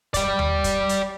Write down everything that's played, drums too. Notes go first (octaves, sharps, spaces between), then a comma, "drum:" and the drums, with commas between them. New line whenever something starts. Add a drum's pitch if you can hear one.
D5 G5, drum: kick, hi-hat
drum: tom D#2
drum: kick, hi-hat
drum: hi-hat